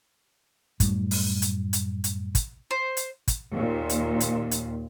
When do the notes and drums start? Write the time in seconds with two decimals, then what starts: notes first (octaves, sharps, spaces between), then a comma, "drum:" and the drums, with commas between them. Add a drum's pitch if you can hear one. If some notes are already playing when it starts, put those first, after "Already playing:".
0.80 F#2 A2 G3 A3, drum: kick, hi-hat
1.11 drum: open hi-hat
1.42 drum: hi-hat
1.73 drum: hi-hat
2.04 drum: hi-hat
2.35 drum: kick, hi-hat
2.71 C5
2.97 drum: hi-hat
3.28 drum: kick, hi-hat
3.52 D#2 A#2
3.89 drum: hi-hat
4.20 drum: hi-hat
4.51 drum: hi-hat